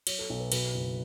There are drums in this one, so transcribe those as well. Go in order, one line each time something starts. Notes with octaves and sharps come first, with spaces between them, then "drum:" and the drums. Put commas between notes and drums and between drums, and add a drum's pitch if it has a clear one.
F#3 C#5, drum: cymbal
A4
B1
B4
B2 B4, drum: cymbal
F#1